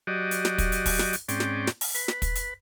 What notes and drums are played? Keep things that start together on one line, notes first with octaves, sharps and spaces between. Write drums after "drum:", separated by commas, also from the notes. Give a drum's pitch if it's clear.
F#3 F#4 G4 D5 D#5
drum: hi-hat
drum: snare
drum: kick, hi-hat
drum: hi-hat
drum: kick, open hi-hat
drum: snare
drum: hi-hat
G#2 C4 C#4 D5 G5, drum: hi-hat
drum: snare
drum: snare
drum: open hi-hat
B4, drum: hi-hat
drum: snare
drum: kick, hi-hat
drum: hi-hat